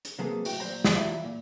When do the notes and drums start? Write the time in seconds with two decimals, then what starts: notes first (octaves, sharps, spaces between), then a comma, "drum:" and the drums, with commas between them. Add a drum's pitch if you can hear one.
0.05 drum: hi-hat
0.19 C3 F#3 A#3 B3 G#4 A4
0.45 A2 F#4 G5, drum: open hi-hat
0.60 A#2 F#3 C5 A#5
0.84 drum: snare
0.96 E3 F#3 G3 E4 F4
1.24 A#2